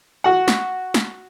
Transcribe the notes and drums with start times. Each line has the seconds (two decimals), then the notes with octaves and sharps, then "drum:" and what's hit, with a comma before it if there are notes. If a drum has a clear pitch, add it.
0.24 F#4 F#5
0.48 drum: snare
0.94 drum: snare